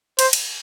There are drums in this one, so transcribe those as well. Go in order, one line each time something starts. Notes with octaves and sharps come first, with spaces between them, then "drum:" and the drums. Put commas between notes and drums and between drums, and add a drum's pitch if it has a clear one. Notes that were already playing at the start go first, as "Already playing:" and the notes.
C5, drum: cymbal
drum: cymbal